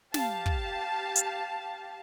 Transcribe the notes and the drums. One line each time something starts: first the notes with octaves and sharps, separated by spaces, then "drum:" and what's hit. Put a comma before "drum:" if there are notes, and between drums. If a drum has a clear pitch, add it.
G4 F5 A5, drum: snare
drum: kick
drum: hi-hat